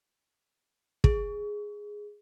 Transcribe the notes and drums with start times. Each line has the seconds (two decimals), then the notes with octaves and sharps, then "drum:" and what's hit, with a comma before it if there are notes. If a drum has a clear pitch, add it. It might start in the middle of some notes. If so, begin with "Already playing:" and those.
1.04 G#4, drum: kick